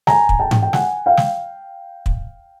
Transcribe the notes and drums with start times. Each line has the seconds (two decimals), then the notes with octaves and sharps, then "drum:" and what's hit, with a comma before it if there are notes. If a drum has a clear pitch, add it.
0.07 G#5 A#5, drum: snare
0.29 drum: kick
0.39 G5 A5
0.51 drum: tom G#2
0.62 G5
0.73 F#5 G#5, drum: snare
1.06 F5 G5
1.17 drum: snare
2.06 drum: kick